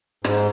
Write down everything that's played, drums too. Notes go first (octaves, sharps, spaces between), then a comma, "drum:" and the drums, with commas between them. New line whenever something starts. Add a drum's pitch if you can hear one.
G#2, drum: rim click